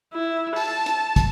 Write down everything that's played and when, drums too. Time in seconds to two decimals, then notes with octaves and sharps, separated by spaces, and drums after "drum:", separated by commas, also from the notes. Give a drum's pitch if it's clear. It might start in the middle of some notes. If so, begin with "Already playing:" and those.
0.13 E4
0.56 A5, drum: open hi-hat
0.86 drum: hi-hat
1.16 drum: kick, hi-hat